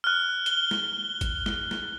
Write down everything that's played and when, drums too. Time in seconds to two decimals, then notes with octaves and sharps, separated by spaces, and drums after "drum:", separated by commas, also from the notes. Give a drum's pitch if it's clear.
0.04 F6 F#6
0.46 G7, drum: hi-hat
0.71 drum: snare
1.21 drum: kick G#1, hi-hat
1.46 drum: snare
1.71 drum: snare